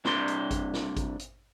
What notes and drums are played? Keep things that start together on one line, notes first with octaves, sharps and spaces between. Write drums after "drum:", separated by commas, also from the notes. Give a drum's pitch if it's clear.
C2 C4 D4 C6, drum: snare
drum: hi-hat
drum: kick G#1, hi-hat
drum: snare
drum: kick G#1, hi-hat
drum: hi-hat